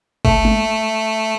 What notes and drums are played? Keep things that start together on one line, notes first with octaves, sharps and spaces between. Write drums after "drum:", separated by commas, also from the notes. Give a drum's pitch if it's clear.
A3, drum: kick G1
drum: tom G#3